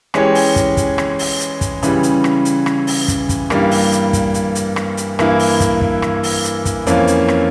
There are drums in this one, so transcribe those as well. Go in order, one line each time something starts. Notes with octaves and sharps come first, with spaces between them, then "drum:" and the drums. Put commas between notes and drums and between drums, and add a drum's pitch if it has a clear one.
E3 G#3 C#4 G4 C#5, drum: rim click
drum: open hi-hat
drum: kick, hi-hat
drum: kick, hi-hat
drum: rim click
drum: open hi-hat
drum: hi-hat
drum: kick, hi-hat
C#3 E3 G3, drum: hi-hat
drum: hi-hat
drum: rim click
drum: hi-hat
drum: rim click
drum: open hi-hat
drum: kick, hi-hat
drum: kick, hi-hat
G2 E3 G3 A#3, drum: rim click
drum: open hi-hat
drum: hi-hat
drum: kick, hi-hat
drum: hi-hat
drum: hi-hat
drum: rim click
drum: hi-hat
G2 E3 A#3 E4, drum: rim click
drum: open hi-hat
drum: kick, hi-hat
drum: kick
drum: rim click
drum: open hi-hat
drum: hi-hat
drum: kick, hi-hat
F2 E3 A#3 C#4, drum: hi-hat
drum: hi-hat
drum: rim click